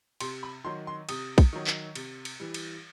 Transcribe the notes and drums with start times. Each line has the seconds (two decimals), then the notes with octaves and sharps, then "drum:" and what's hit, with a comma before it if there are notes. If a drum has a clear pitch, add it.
0.20 C3 C6, drum: cymbal
0.43 B5
0.64 D#3 F#3 C6
0.87 C6
1.09 C3 D#6, drum: cymbal
1.38 drum: kick, cymbal
1.53 D#3 F#3
1.67 drum: clap
1.95 C3, drum: cymbal
2.25 drum: cymbal
2.40 E3 G3
2.54 drum: cymbal